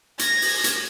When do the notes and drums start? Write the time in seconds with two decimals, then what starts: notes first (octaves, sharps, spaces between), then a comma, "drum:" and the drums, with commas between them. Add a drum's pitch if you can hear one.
0.19 G#6 A#6, drum: hi-hat
0.42 drum: open hi-hat
0.64 drum: hi-hat